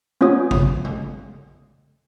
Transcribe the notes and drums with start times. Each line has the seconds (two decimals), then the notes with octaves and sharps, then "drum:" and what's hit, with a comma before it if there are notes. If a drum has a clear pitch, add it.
0.21 B3 C#4 F4 C#5 D#6
0.51 drum: kick G#1
0.85 drum: tom C#3